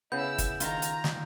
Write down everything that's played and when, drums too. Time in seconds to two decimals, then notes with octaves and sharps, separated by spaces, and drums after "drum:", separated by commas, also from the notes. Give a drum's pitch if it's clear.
0.12 C#3 B3 E4 E6 G6
0.38 drum: kick, hi-hat
0.60 D#3 F4 A#5, drum: hi-hat
0.82 drum: hi-hat
1.04 drum: snare